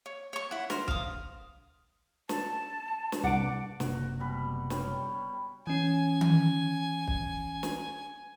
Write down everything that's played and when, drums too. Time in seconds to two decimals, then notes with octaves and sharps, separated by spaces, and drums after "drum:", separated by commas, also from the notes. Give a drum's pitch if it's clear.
0.06 C#5
0.33 C#5 C#6
0.51 E4 F#5
0.70 A#4 C5, drum: snare
0.88 F5 D#6, drum: kick
2.29 A5, drum: snare
3.12 drum: snare
3.24 C2 D4 B4 F#5 D6
3.80 F#1 C3 A#3 F#4, drum: snare
4.20 B2 G3 B5
4.70 G3 C#5 G5, drum: snare
5.67 E3 C#4 G#5
6.21 drum: tom D#3
7.08 drum: kick
7.63 drum: snare